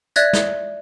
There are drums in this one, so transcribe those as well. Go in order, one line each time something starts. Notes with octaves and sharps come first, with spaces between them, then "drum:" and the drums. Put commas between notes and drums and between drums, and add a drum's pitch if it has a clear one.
D5 E5 F#6 G#6 A#6, drum: hi-hat
drum: snare